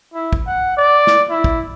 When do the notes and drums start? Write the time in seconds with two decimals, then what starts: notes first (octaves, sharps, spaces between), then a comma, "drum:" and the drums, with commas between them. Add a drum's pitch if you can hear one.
0.14 E4
0.33 drum: kick
0.47 F#5
0.77 D5
1.07 drum: snare
1.30 E4
1.44 drum: kick